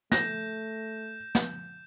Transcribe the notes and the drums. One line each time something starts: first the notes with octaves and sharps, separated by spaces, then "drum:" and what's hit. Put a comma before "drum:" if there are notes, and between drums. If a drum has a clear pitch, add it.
A3 G6 A#6 E7, drum: snare
drum: snare